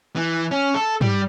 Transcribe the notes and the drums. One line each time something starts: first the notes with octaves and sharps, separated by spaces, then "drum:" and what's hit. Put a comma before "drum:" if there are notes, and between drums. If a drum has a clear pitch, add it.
E3
C#4
A4
G3, drum: tom